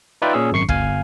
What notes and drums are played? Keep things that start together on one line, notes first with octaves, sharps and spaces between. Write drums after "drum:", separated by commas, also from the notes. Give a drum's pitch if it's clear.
D#4 F4 B4 D5 E5 G5
A#2 C#4 G#4 E6
G#1 F#2 C#6 C7 C#7
G1 F5 G#5, drum: kick